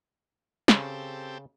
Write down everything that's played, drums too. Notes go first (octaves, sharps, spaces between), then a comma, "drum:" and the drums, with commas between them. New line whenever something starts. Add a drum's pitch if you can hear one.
C#3 C4 G4 A4, drum: snare